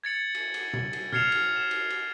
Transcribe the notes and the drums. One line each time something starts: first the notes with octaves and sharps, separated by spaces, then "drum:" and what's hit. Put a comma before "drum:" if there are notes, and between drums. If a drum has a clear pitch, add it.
G#6 A6 C#7 F#7
drum: cymbal
drum: cymbal
drum: tom B2
drum: cymbal
F6 G#6 C7 C#7 E7 F7, drum: tom B2
drum: cymbal
E7
drum: cymbal
drum: cymbal